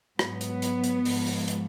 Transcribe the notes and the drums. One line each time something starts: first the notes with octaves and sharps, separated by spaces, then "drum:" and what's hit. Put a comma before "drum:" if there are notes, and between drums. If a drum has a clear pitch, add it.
G#2 F#3 B3, drum: rim click
drum: hi-hat
drum: hi-hat
drum: hi-hat
G#2 F3, drum: open hi-hat
drum: open hi-hat
drum: hi-hat